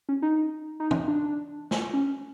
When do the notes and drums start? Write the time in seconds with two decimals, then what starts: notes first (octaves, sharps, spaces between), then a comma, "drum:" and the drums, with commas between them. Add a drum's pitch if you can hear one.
0.09 C#4
0.22 D#4
0.80 D#4
0.91 drum: tom
1.08 D4
1.71 drum: snare
1.93 C#4